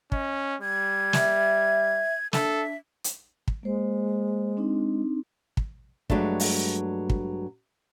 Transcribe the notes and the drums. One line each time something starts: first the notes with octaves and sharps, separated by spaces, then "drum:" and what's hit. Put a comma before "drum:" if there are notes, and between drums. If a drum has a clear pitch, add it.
C#4 D#5, drum: kick
G3 G#6
E5, drum: snare
D4 A4 E5, drum: snare
drum: hi-hat
drum: kick
G#3 A#3 C5
C4 D4 D#4
drum: kick
G2 F#3 G#3 A3 D4, drum: kick
drum: open hi-hat
drum: kick